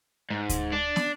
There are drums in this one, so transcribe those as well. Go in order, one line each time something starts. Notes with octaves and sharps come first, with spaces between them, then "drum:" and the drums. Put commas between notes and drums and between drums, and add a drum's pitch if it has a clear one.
G#2
drum: kick D2, hi-hat
D4
drum: snare